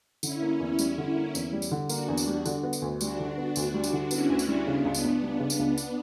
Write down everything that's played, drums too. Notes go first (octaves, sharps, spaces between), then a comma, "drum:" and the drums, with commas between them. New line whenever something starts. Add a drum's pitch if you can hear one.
D3 C#4 E4, drum: tambourine
A#3
E2
G3, drum: tambourine
D3
A#3
E2, drum: tambourine
G3
drum: tambourine
D3
A#3 D4 F#4, drum: tambourine
E2
drum: tambourine
G3
D3, drum: tambourine
B3
drum: tambourine
D2
G3 D4 F#4, drum: tambourine
D3
B3
D2 D4 F#4, drum: tambourine
G3
drum: tambourine
D3
B3 C#4 E4, drum: tambourine
D2
drum: tambourine
G3
C#3 B3 D4
C#2
drum: tambourine
C#2
G3
C#3
drum: tambourine
C#2
drum: tambourine